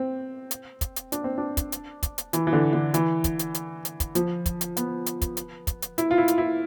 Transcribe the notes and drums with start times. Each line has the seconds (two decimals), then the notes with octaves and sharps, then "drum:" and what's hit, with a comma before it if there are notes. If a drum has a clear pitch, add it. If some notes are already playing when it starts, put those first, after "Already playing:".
Already playing: C4
0.51 drum: hi-hat
0.81 drum: kick, hi-hat
0.96 drum: hi-hat
1.12 D4, drum: hi-hat
1.24 C4
1.38 D4
1.57 drum: kick, hi-hat
1.72 drum: hi-hat
2.03 drum: kick, hi-hat
2.18 drum: hi-hat
2.33 E3, drum: hi-hat
2.47 E3
2.53 D3
2.73 D3
2.94 E3, drum: hi-hat
3.24 drum: kick, hi-hat
3.39 drum: hi-hat
3.54 drum: hi-hat
3.85 drum: hi-hat
4.00 drum: kick, hi-hat
4.15 F3, drum: hi-hat
4.46 drum: kick, hi-hat
4.61 drum: hi-hat
4.77 B3, drum: hi-hat
5.06 drum: hi-hat
5.22 drum: kick, hi-hat
5.37 drum: hi-hat
5.67 drum: kick, hi-hat
5.82 drum: hi-hat
5.98 E4, drum: hi-hat
6.11 F4
6.18 E4
6.28 drum: hi-hat
6.38 E4